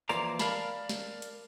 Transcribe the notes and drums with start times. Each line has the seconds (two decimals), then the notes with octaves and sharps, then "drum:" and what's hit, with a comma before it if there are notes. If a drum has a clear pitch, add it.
0.09 E3 F3 A#3 C5 D5 A#5, drum: tambourine
0.39 A#4 D5 F5 A5 B5, drum: snare
0.89 drum: snare
1.22 drum: hi-hat